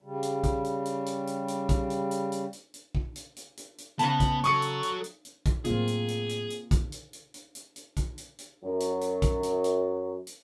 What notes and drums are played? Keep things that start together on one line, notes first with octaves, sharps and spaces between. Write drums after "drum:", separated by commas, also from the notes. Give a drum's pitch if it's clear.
C#3 G3
drum: hi-hat
drum: kick, hi-hat
drum: hi-hat
drum: hi-hat
drum: hi-hat
drum: hi-hat
drum: hi-hat
drum: kick, hi-hat
drum: hi-hat
drum: hi-hat
drum: hi-hat
drum: hi-hat
drum: hi-hat
drum: kick
drum: hi-hat
drum: hi-hat
drum: hi-hat
drum: hi-hat
C#3 B3 A5, drum: hi-hat
drum: kick, hi-hat
F#3 A4 C#6 D#6 C#7, drum: hi-hat
drum: hi-hat
drum: hi-hat
drum: hi-hat
drum: hi-hat
drum: kick, hi-hat
A2 F#3 A#3 C4 F4 G#4, drum: hi-hat
drum: hi-hat
drum: hi-hat
drum: hi-hat
drum: hi-hat
drum: kick, hi-hat
drum: hi-hat
drum: hi-hat
drum: hi-hat
drum: hi-hat
drum: hi-hat
drum: kick, hi-hat
drum: hi-hat
drum: hi-hat
F#2 F#3
drum: hi-hat
drum: hi-hat
drum: kick, hi-hat
drum: hi-hat
drum: hi-hat
drum: hi-hat